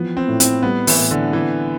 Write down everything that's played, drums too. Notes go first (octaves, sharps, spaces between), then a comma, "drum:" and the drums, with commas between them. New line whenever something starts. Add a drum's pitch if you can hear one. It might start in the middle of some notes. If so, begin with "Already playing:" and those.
Already playing: E3 F3 B3
C4
A2
C4, drum: hi-hat
G3 B3
E3, drum: open hi-hat
A2
D3
E3 C4